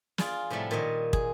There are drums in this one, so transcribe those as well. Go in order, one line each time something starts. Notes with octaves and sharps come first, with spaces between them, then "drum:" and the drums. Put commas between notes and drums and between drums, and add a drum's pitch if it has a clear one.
F4 G#4 D5, drum: snare
A2 C3 F3 G3 A3
A#2 D#3 C#5 D#5
G#4, drum: kick